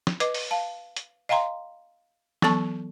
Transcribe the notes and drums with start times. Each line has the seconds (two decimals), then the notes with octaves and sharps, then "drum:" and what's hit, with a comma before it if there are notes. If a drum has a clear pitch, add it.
0.07 drum: snare
0.20 B4 D#5 D6, drum: hi-hat
0.34 drum: open hi-hat
0.51 F5 A5
0.96 drum: hi-hat
1.29 D#5 F5 G5 A#5 C6
2.42 E3 F#3 B3 A4 A5 C#6, drum: snare